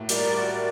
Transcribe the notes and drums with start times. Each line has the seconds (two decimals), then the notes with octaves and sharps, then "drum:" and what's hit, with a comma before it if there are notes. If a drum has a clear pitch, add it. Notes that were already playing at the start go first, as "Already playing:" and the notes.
Already playing: A2 A#3 F#4
0.09 G3 A#4 D5, drum: hi-hat
0.37 F#4